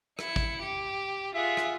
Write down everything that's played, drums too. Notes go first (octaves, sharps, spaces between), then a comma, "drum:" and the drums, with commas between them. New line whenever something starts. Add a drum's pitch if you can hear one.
E4 C#7, drum: rim click
drum: kick
G4
F4 G#4 E5 F#5
drum: rim click